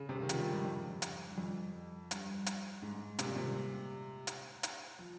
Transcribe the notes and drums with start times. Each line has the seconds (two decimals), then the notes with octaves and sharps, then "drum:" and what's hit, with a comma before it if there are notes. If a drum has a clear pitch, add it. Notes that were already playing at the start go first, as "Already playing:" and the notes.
Already playing: C#3
0.09 C3
0.15 C#3
0.22 D#3
0.29 F3, drum: hi-hat
0.39 G3
0.48 G#2
0.56 G2
0.65 F2
1.02 drum: hi-hat
1.30 G2
1.38 F2
2.11 G2, drum: hi-hat
2.46 drum: hi-hat
2.82 G#2
3.19 C3, drum: hi-hat
3.26 A#2
3.35 C3
4.27 drum: hi-hat
4.63 drum: hi-hat
4.99 F3